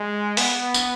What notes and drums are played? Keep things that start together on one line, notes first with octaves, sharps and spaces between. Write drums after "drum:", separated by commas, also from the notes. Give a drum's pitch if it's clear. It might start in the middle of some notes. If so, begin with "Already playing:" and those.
Already playing: G#3
B3, drum: open hi-hat
drum: tambourine